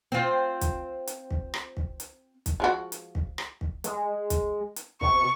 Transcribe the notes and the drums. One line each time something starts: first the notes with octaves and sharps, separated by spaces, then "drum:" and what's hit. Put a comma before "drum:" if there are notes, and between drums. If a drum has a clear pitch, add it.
C4 F4
drum: kick, hi-hat
drum: hi-hat
drum: kick
drum: rim click
drum: kick
drum: hi-hat
drum: kick, hi-hat
F3 G#3 F#4
drum: hi-hat
drum: kick
drum: rim click
drum: kick
G#3, drum: hi-hat
drum: kick, hi-hat
drum: hi-hat
C3 C#6, drum: kick